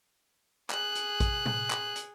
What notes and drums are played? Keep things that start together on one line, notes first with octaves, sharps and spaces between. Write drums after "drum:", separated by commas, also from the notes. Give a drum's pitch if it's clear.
G#4 F#6, drum: clap
drum: hi-hat
drum: kick, hi-hat
drum: tom A2
drum: clap
drum: hi-hat